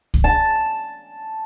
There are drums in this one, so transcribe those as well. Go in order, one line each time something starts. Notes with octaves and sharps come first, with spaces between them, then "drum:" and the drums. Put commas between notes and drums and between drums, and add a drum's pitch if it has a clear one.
drum: kick C2
A5